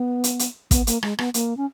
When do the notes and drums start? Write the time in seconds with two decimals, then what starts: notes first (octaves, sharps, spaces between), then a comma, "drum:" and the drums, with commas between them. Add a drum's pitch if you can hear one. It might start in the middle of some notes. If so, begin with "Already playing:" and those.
Already playing: B3
0.24 drum: hi-hat
0.39 drum: hi-hat
0.71 B3, drum: kick, hi-hat
0.87 A#3, drum: hi-hat
1.03 G#3, drum: rim click
1.19 B3, drum: rim click
1.34 A#3, drum: hi-hat
1.57 C#4